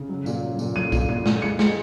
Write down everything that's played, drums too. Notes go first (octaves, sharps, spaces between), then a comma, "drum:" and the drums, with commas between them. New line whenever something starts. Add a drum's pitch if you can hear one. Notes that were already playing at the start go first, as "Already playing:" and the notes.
Already playing: C#3
F#3
A#2, drum: tambourine
F#3
A#2, drum: tambourine
F#3 D#7
A#2, drum: kick, tambourine
A#2 D#7
A#2, drum: snare
G#3 C#7
G#3, drum: snare